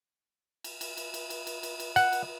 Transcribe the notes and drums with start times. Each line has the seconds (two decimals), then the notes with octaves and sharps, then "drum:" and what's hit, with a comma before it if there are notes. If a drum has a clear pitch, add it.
0.64 drum: cymbal
0.81 drum: cymbal
0.97 drum: cymbal
1.14 drum: cymbal
1.30 drum: cymbal
1.47 drum: cymbal
1.63 drum: cymbal
1.80 drum: cymbal
1.96 F#5, drum: cymbal
2.13 drum: cymbal